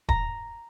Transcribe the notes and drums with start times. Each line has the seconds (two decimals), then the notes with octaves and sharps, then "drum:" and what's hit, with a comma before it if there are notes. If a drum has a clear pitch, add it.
0.09 A#5, drum: kick D#1